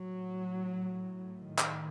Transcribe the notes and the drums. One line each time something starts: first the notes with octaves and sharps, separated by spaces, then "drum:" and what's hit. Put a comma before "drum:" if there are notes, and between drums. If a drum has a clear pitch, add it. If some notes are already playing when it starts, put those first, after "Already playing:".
Already playing: A2 F#3
D#3
drum: clap